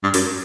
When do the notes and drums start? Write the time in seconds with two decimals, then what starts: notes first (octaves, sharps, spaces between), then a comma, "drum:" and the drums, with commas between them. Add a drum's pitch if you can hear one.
0.03 G2
0.14 F#2, drum: open hi-hat